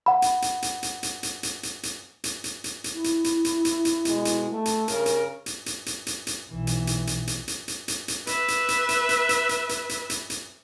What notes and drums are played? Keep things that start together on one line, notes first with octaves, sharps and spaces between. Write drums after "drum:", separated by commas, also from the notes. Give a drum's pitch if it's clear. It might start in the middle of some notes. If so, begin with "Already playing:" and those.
F#5 B5
drum: hi-hat
drum: hi-hat
drum: hi-hat
drum: hi-hat
drum: hi-hat
drum: hi-hat
drum: hi-hat
drum: hi-hat
drum: hi-hat
drum: hi-hat
drum: hi-hat
drum: hi-hat
drum: hi-hat
E4
drum: hi-hat
drum: hi-hat
drum: hi-hat
drum: hi-hat
drum: hi-hat
B2 G#3, drum: hi-hat
drum: hi-hat
A3
drum: hi-hat
G2 C#3 A#4, drum: hi-hat
drum: hi-hat
drum: hi-hat
drum: hi-hat
drum: hi-hat
drum: hi-hat
drum: hi-hat
B1 E3
drum: hi-hat
drum: hi-hat
drum: hi-hat
drum: hi-hat
drum: hi-hat
drum: hi-hat
drum: hi-hat
drum: hi-hat
B4 E5, drum: hi-hat
drum: hi-hat
drum: hi-hat
drum: hi-hat
drum: hi-hat
drum: hi-hat
drum: hi-hat
drum: hi-hat
drum: hi-hat
drum: hi-hat
drum: hi-hat